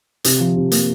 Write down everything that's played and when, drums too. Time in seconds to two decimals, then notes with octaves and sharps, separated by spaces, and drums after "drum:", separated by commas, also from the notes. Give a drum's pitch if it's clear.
0.24 C3, drum: hi-hat
0.40 F3
0.56 C3
0.72 A#3, drum: hi-hat